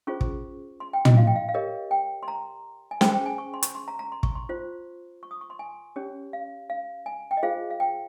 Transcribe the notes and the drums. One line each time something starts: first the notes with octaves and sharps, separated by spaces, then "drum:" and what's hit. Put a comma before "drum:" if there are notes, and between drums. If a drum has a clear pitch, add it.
C#4 F4 G#4 C5 C#6
drum: kick
C6
G5
D#5, drum: tom
F5
G5
F5
F5
G4 A#4 C#5 D#5
G5
C6
A#5
G#5
C#4 G#4 C5 G5, drum: snare
G5
G#5
C#6
C6
C#6, drum: hi-hat
C6
A#5
A#5
C6
C#6, drum: kick
C6
F4 C5
C#6
D#6
C#6
C6
G#5
C#4 G4 C#5
F5
F5
G#5
G5
D#5
F4 G#4 C5 F5
F5
G5